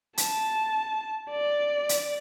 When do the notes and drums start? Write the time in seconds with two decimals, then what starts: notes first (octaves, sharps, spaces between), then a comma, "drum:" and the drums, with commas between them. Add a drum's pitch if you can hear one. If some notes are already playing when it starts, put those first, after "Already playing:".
0.18 A5, drum: hi-hat
1.30 D5
1.89 drum: hi-hat